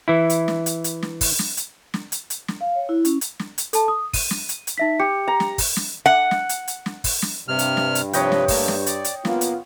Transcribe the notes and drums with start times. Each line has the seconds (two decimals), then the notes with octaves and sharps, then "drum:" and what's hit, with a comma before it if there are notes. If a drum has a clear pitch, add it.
0.08 E3 E4
0.30 drum: hi-hat
0.48 drum: snare
0.66 drum: hi-hat
0.84 drum: hi-hat
1.02 drum: snare
1.21 drum: kick, open hi-hat
1.39 drum: snare
1.57 drum: hi-hat
1.94 drum: snare
2.12 drum: hi-hat
2.30 drum: hi-hat
2.48 drum: snare
2.61 F5
2.75 C#5
2.89 E4
3.05 C#4, drum: hi-hat
3.21 drum: hi-hat
3.39 drum: snare
3.58 drum: hi-hat
3.73 A4 A5, drum: hi-hat
3.88 D#6
4.13 D#7, drum: kick, open hi-hat
4.31 drum: snare
4.49 drum: hi-hat
4.67 drum: hi-hat
4.78 D#4 E5 B6
5.00 G4 C#7
5.28 A#5
5.40 drum: snare
5.58 drum: kick, open hi-hat
5.76 drum: snare
6.06 F#5
6.31 drum: snare
6.49 drum: hi-hat
6.68 drum: hi-hat
6.86 drum: snare
7.04 drum: kick, open hi-hat
7.22 drum: snare
7.48 G2 C3 F6
7.59 drum: hi-hat
7.77 drum: snare
7.95 drum: hi-hat
8.13 C3 F3 B4 C#5 D#5 G5, drum: hi-hat
8.32 drum: snare
8.48 A3 A#3, drum: kick, open hi-hat
8.68 drum: snare
8.86 D5, drum: hi-hat
9.05 drum: hi-hat
9.25 F#1 A#3 B3 F4, drum: snare
9.41 drum: hi-hat